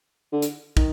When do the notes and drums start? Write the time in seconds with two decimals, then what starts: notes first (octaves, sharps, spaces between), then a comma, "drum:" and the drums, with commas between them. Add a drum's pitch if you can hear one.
0.32 D3
0.42 drum: hi-hat
0.77 D#3, drum: kick